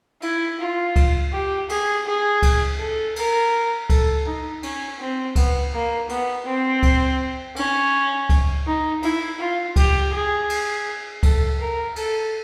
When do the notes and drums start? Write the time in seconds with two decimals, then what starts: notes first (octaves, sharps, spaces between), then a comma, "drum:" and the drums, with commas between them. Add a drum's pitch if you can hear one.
0.22 E4, drum: cymbal
0.59 F4
0.96 drum: kick C#2, cymbal
1.32 G4
1.69 G#4, drum: cymbal
2.06 G#4
2.43 drum: kick C#2, cymbal
2.79 A4
3.16 A#4, drum: cymbal
3.90 A4, drum: kick C#2, cymbal
4.26 D#4
4.63 C#4, drum: cymbal
4.99 C4
5.36 B3, drum: kick C#2, cymbal
5.73 A#3
6.09 B3, drum: cymbal
6.45 C4
6.83 drum: kick C#2, cymbal
7.56 C#4, drum: cymbal
8.29 drum: kick C#2, cymbal
8.66 D#4
9.03 E4, drum: cymbal
9.39 F4
9.76 G4, drum: kick C#2, cymbal
10.13 G#4
10.50 drum: cymbal
11.23 A4, drum: kick C#2, cymbal
11.59 A#4
11.96 A4, drum: cymbal